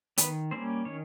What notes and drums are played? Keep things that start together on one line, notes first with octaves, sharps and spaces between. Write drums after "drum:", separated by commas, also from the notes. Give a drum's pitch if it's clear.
D#3 B3 B4, drum: hi-hat
G3 A#3 C4 C#4 C5
D#3 C#4 C#5